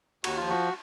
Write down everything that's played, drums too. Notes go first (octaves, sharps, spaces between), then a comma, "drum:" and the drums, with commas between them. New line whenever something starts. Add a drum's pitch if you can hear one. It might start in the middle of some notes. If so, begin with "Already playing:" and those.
D#2 F#4, drum: cymbal
F3 F4
F#4